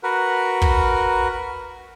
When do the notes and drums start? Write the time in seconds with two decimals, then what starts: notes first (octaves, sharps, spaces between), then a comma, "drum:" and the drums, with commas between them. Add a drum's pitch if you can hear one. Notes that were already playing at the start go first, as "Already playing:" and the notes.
0.03 F#4 A#4 B4
0.62 drum: kick